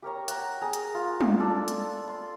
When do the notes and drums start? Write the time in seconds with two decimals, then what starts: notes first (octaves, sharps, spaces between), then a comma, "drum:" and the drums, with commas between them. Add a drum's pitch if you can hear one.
0.02 G4 A#4 C#5 A#5
0.28 F#5 G5 A#5, drum: hi-hat
0.61 G#4 A#5
0.73 drum: hi-hat
0.95 F4
1.21 drum: tom
1.40 D4 A4 D5
1.68 drum: hi-hat
2.08 C6